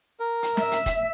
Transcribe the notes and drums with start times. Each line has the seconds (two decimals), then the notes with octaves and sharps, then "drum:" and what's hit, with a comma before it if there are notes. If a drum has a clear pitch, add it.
0.20 A#4
0.43 drum: hi-hat
0.57 E5, drum: snare
0.71 drum: hi-hat
0.86 drum: kick, hi-hat